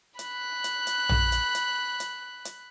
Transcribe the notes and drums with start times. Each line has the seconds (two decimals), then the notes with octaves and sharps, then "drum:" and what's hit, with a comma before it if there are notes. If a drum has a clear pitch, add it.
0.19 B5 F#6, drum: hi-hat
0.64 drum: hi-hat
0.87 drum: hi-hat
1.09 drum: tom A#1
1.32 drum: hi-hat
1.55 drum: hi-hat
2.00 drum: hi-hat
2.45 drum: hi-hat